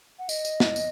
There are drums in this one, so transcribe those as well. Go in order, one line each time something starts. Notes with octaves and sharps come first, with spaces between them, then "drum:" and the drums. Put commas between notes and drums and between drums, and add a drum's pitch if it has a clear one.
F#5
D#5, drum: tambourine
drum: tambourine
drum: snare
drum: tambourine